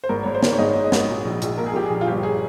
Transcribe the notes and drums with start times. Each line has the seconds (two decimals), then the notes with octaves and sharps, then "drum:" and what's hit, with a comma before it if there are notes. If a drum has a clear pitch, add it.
0.04 C5
0.09 G#1 A#4
0.23 G#1 C#5
0.35 C5
0.43 D#3, drum: snare
0.53 C#5
0.58 G#2 D#5
0.76 G#1
0.84 D#5
0.92 G#1, drum: snare
1.09 A#2
1.25 A#1
1.42 A#1, drum: hi-hat
1.58 A#2 A#4
1.66 G#4
1.73 A#2 G4
1.86 A#1 G#4
2.01 F4
2.06 G1 G4
2.23 G#4